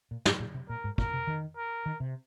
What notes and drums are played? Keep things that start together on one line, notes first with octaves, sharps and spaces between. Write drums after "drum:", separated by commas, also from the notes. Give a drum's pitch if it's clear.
A#2
G#2, drum: snare
A#2
C3
A#2 A#4
G#2
A#2 A#4, drum: kick
C3
D#3
A#4
D#3
C3